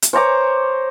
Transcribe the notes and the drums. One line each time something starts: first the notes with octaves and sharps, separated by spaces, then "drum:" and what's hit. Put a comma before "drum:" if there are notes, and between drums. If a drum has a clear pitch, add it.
drum: hi-hat
C5 C#5 A#5 D6